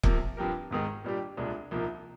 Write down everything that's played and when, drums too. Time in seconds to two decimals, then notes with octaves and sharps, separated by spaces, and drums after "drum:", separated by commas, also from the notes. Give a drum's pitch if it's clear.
0.03 C3 F3 A#3, drum: kick C#1
0.37 G2 F3 C4 G4 A#4
0.71 G#1 G#2 D#3 G#3
1.04 A#2 G3 D4 G4
1.37 C2 A#2 G#3 D4
1.71 C2 A#2 F3 A#3 D#4